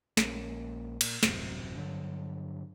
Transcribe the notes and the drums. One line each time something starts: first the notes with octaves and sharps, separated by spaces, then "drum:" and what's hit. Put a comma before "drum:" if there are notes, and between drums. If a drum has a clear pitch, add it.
A#1 G#3 A#3 C#4, drum: snare
A#2, drum: cymbal
D#1 A1 F#2 C3, drum: snare
G2 D3 F#3